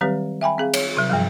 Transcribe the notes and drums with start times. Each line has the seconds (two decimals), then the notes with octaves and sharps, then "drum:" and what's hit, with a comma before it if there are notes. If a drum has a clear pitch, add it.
0.01 D#3 F#3 G3 C4 G4 B4
0.41 E5 G5 G#5 B5
0.58 C4 G#4 F5
0.74 C#5, drum: cymbal
0.97 C3 F#3
1.09 G2 F3 G3